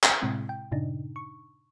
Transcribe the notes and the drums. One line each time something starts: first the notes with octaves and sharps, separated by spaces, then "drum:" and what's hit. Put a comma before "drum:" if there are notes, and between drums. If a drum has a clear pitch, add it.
drum: clap
A2 C3 G#3 C4 E4
G5
G2 A#2 C#3 D4 D#4
C#6